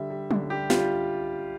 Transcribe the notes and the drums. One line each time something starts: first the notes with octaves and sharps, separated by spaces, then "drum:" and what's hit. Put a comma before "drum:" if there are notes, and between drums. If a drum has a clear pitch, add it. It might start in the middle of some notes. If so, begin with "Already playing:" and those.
Already playing: D3 G3 E5
G3
D3, drum: tom F#3
G3 G4
G3 F4, drum: snare